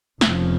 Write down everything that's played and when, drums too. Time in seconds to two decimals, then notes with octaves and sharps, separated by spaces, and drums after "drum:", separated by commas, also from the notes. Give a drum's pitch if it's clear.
0.21 F1 F2 C#3 F3, drum: snare